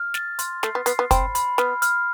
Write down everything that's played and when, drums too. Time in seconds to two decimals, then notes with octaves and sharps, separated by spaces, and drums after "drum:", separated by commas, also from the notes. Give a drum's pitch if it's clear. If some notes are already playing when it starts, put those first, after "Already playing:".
Already playing: F6
0.14 A6, drum: snare
0.39 C6, drum: hi-hat
0.63 A3 C7, drum: snare
0.75 B3
0.86 B3 C7, drum: hi-hat
0.99 B3
1.11 C4 B5, drum: kick, hi-hat
1.35 B5, drum: hi-hat
1.58 B3 F6, drum: snare
1.82 F6, drum: hi-hat